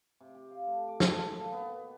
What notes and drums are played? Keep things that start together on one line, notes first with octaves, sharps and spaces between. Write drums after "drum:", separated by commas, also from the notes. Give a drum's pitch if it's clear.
C3
G4
F5
A3
D6
A5, drum: snare
A4
A#2
B3
B2